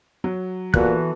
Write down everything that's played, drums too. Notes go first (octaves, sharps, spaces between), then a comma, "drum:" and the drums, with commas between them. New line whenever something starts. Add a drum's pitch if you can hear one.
F#3
A#2 E3 B3 F#4 A4 F#6, drum: kick